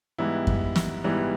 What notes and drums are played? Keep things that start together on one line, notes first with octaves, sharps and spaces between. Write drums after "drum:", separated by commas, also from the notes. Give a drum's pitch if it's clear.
G#2 E3 G3 B3 E4
drum: kick F#2
drum: snare
G#2 E3 G3 B3 E4